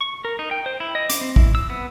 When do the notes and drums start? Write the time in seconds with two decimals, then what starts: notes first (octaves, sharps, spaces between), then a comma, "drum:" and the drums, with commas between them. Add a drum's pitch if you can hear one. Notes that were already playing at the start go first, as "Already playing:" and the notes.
0.01 C#6
0.25 A#4
0.39 D#4
0.51 G5
0.66 C5
0.80 E4
0.95 D#5
1.10 D6, drum: hi-hat
1.21 C4
1.36 E4, drum: kick
1.55 E6
1.70 B3